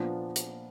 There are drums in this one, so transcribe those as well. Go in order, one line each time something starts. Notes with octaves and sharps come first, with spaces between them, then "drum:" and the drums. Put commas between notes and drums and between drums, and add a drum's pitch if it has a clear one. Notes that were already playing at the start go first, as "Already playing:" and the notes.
Already playing: A#2 F3 B3 D4
drum: hi-hat